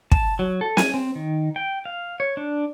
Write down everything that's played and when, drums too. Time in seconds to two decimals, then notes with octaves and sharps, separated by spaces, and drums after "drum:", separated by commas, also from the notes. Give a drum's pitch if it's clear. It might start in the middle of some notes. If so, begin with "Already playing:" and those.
0.12 A5, drum: kick
0.39 F#3
0.61 A4
0.77 G#5, drum: snare
0.94 C4
1.15 D#3
1.56 G5
1.85 F5
2.20 C#5
2.37 D4